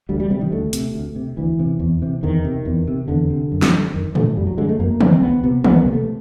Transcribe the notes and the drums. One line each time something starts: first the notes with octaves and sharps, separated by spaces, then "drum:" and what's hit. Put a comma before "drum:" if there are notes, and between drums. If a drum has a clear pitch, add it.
D2 G3
G3
C3 G3
D#3
D2 A3
C3, drum: hi-hat
D2
C3
D2 E3
C3
E2
C3
E2 D#3
C3
E2
C3
E2 D3
C3
F#2
drum: snare
D3
F#2 D#3
D3 A3, drum: tom
F#2 G3
F#3
D3 G#3
A3
F#2 A#3
D3, drum: tom
C4
C#2 B3
C3 B3
C#2 B3, drum: tom
A#3
C3
A3